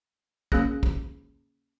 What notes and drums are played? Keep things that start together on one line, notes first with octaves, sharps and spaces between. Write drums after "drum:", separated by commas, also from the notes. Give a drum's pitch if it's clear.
A#3 C#4 G#4 F#6 A#6, drum: kick
drum: kick